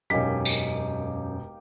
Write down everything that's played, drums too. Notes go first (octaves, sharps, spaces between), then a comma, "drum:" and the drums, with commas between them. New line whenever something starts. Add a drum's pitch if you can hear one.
E1 F#2 A#3 C#4 D#4 G4 B6
drum: tambourine